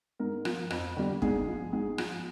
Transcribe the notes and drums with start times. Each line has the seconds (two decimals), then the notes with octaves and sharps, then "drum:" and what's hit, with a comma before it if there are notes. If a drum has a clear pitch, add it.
0.19 G#2 A#4
0.45 F3, drum: rim click
0.70 F2, drum: rim click
0.97 D3 G3
1.22 G#2 G#4, drum: kick
1.47 F3
1.73 G#2 G#4
1.98 F3, drum: rim click